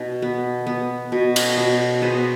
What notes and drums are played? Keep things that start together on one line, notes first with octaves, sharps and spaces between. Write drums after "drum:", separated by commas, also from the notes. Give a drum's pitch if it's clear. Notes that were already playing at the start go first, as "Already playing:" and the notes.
Already playing: B2 D#4
B3
B3
B2
drum: cymbal
B2
B3 G#4 C5